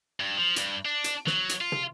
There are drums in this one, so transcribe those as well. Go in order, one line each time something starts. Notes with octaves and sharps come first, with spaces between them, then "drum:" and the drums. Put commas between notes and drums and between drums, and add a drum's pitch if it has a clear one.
G2
F3
G2, drum: hi-hat
D4
drum: hi-hat
F#3, drum: snare
drum: hi-hat
F4
drum: tom